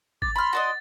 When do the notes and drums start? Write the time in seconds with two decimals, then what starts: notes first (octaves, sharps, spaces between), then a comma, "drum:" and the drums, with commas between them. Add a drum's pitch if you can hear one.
0.22 D6 A6, drum: kick
0.36 B5 C6 F6
0.53 F#4 D5 D#5